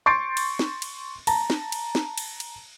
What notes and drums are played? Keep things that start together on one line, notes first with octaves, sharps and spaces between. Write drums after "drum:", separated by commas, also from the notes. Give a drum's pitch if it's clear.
C6 C#6 G6 A6 C7 D7
drum: cymbal
drum: snare
drum: cymbal
A5 A#5, drum: cymbal
drum: snare
drum: cymbal
drum: snare
drum: cymbal
drum: cymbal